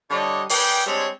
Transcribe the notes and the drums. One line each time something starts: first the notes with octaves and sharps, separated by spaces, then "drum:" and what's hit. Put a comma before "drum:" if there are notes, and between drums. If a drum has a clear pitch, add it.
D3 G3 D4 E4 C#5 D#5
G#4 B4 D5 G5, drum: open hi-hat
G3 G#3 C4 D4 C#5